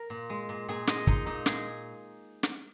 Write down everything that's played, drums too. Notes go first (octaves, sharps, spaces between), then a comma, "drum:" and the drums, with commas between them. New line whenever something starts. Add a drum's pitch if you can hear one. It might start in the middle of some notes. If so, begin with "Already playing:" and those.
Already playing: A#4
A#2
G#3
A#2
A#2 G#4
G#3 D#5, drum: snare
G#3 D#4, drum: kick
A#2 D#4
G#3 G#4, drum: snare
drum: snare